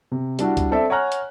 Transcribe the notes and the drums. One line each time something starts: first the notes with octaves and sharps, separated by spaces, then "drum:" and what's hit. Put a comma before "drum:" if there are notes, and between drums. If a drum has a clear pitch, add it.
C3
G3 D4 E4 F#4, drum: hi-hat
drum: kick C#2, hi-hat
C4 A4 D5 E5
C#5 F#5 G#5 A#5 F6 F#6
drum: hi-hat